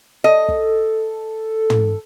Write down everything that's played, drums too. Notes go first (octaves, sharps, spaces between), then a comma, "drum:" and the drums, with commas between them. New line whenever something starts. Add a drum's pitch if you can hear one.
A4 D#5
drum: kick
drum: tom